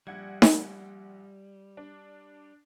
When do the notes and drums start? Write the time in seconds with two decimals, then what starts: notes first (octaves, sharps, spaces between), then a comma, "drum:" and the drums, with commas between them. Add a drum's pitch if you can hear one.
0.07 A#1 G3 F#5 G#6
0.42 drum: snare D#4
1.77 D4